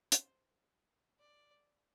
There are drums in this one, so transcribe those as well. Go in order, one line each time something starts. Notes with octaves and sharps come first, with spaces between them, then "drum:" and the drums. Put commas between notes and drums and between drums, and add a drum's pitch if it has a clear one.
C5, drum: hi-hat
D5